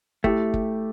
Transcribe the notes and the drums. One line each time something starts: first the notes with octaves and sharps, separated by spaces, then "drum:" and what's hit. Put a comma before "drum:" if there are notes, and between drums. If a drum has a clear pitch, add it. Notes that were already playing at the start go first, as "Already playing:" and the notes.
A3 E4 G4, drum: kick
drum: kick